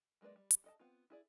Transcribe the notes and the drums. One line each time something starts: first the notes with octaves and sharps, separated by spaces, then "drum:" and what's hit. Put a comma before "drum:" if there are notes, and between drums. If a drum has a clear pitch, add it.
F#3 G#3 A#3 B4 D5
G3
drum: hi-hat
A4 D#5 A5
B3 C4 F4
E4 G#4 D5